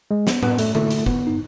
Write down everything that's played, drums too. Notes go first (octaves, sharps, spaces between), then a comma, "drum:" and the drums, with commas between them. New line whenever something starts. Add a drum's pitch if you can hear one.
G#3
B3, drum: snare
B3, drum: tom A2
A3, drum: hi-hat
A3, drum: tom
drum: hi-hat
B3, drum: kick
D#4